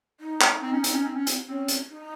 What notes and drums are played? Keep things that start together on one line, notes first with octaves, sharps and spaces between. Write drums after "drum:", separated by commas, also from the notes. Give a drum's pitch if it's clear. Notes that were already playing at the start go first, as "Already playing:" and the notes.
D#4
drum: clap
C4
C#4
C4, drum: hi-hat
C#4
C4
C#4
C4, drum: hi-hat
C4 C#4
drum: hi-hat
D#4